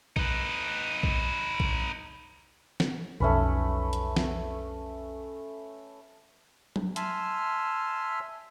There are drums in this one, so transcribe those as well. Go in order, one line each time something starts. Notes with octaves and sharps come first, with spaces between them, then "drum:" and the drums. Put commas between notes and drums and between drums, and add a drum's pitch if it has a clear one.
D#4 B4, drum: kick A#1
drum: kick A#1
drum: kick A#1
drum: snare
B1 F2 A3 C#4 B4
drum: hi-hat
drum: snare
drum: tom F#3
E5 G#5 A5 C6 E6 F6, drum: hi-hat